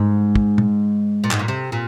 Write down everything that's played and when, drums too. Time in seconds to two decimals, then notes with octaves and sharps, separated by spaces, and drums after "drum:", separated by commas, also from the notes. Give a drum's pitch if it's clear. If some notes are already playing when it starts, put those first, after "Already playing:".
Already playing: G#2
0.35 drum: kick
0.58 drum: tom
1.24 A#2
1.31 G#2, drum: clap
1.39 A#2
1.48 C3
1.72 A#2